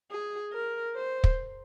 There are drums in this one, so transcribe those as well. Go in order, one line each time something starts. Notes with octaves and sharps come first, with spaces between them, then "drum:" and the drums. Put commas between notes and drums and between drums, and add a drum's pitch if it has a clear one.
G#4
A#4
C5
drum: kick